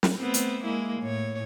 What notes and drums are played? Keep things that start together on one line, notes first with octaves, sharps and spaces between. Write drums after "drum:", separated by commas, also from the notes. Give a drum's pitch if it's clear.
drum: snare
A3 B3 C4
drum: hi-hat
G#3 A#3 E4
A2 C#5